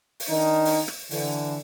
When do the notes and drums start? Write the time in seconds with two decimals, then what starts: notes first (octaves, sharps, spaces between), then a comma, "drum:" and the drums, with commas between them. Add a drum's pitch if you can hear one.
0.20 drum: open hi-hat
0.29 D#3 D4 D#4
0.65 drum: open hi-hat
0.88 drum: rim click
1.11 D3 E3, drum: open hi-hat